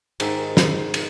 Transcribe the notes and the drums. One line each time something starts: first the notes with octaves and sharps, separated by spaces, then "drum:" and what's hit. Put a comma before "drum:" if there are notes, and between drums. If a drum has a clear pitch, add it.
G#2 D#3 G#3 E5, drum: cymbal
drum: snare
drum: cymbal